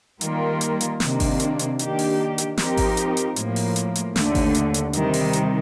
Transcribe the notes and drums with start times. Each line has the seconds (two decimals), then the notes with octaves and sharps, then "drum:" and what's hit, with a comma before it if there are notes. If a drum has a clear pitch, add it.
0.21 D#3 G3 A#3 F4 A#4, drum: hi-hat
0.61 drum: hi-hat
0.81 drum: hi-hat
1.00 C3 D#3 A#3 D4, drum: snare
1.20 drum: kick G#1, open hi-hat
1.40 drum: hi-hat
1.59 drum: hi-hat
1.79 D#3 A#3 D4 G4, drum: hi-hat
1.99 drum: open hi-hat
2.38 drum: hi-hat
2.58 F3 C4 D#4 G4 A#4, drum: snare
2.77 drum: kick G#1, open hi-hat
2.97 drum: hi-hat
3.17 drum: hi-hat
3.36 A2 F3 A#3, drum: hi-hat
3.56 drum: open hi-hat
3.76 drum: hi-hat
3.95 drum: hi-hat
4.16 D#2 D3 A3, drum: snare
4.35 drum: kick G#1, open hi-hat
4.55 drum: hi-hat
4.74 drum: hi-hat
4.93 C3 D#3 G3, drum: hi-hat
5.14 drum: open hi-hat
5.33 drum: hi-hat